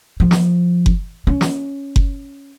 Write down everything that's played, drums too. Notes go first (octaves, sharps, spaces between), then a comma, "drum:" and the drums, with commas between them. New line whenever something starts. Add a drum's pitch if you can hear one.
F3
drum: snare
drum: kick F#1
C#4
drum: snare
drum: kick F#1